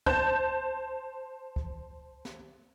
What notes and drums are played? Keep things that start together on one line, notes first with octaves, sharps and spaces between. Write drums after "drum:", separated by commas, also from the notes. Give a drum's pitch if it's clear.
C5 A5 G6, drum: kick C#2
drum: kick C#2
drum: snare